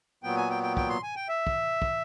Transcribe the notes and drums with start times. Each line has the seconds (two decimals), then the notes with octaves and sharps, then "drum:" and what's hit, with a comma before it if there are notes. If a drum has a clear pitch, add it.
0.23 A#2 F#3 B3 G5
0.37 G#5
0.50 G5
0.63 G5
0.77 G5, drum: kick
0.89 C6
1.03 G#5
1.16 G5
1.29 E5
1.47 drum: kick
1.82 drum: kick